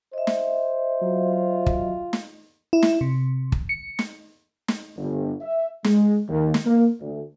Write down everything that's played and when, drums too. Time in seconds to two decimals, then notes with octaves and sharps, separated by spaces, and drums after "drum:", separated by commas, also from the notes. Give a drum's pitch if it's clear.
0.13 C5 D#5 E5
0.27 drum: snare
1.01 F#3 F4
1.66 drum: kick
2.13 drum: snare
2.73 E4
2.83 drum: snare
3.01 C3
3.52 drum: kick
3.69 C#7
3.99 drum: snare
4.68 drum: snare
4.97 G1
5.41 E5
5.84 G#3, drum: snare
6.28 D#2
6.54 drum: snare
6.65 A#3
7.01 D2